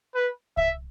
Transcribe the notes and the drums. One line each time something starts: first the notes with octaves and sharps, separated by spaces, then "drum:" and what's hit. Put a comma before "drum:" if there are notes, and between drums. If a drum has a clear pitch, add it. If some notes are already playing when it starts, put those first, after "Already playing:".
B4
E5, drum: kick C2